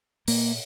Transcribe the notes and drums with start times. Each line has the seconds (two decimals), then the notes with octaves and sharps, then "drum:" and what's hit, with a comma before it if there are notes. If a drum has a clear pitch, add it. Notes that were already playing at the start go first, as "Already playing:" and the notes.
0.28 A#2 A#3, drum: open hi-hat